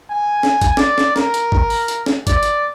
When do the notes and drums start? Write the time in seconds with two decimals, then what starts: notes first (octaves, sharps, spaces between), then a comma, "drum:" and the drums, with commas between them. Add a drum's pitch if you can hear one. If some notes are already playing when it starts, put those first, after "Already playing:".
0.10 G#5
0.43 drum: snare
0.61 drum: kick, hi-hat
0.77 D5, drum: snare
0.98 drum: snare
1.16 A#4, drum: snare
1.34 drum: hi-hat
1.52 drum: kick
1.70 drum: open hi-hat
1.88 drum: hi-hat
2.06 drum: snare
2.27 D5, drum: kick, hi-hat
2.43 drum: hi-hat